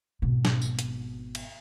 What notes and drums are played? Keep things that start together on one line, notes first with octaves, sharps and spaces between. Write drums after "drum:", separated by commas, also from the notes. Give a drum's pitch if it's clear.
G#1 B2
drum: snare
drum: tambourine
drum: hi-hat
drum: cymbal